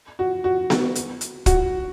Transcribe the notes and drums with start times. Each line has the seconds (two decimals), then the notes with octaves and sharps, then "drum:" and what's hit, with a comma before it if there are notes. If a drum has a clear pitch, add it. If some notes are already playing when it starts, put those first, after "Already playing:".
0.19 F#4
0.44 F#4
0.70 drum: snare B3
0.95 drum: hi-hat
1.21 drum: hi-hat
1.46 F#4, drum: kick, hi-hat